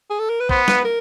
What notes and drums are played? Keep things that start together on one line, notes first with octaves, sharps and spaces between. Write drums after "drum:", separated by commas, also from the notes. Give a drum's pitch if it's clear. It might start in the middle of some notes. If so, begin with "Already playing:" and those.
G#4
A4
A#4
B4
B3 C5, drum: kick
B4, drum: snare
A#4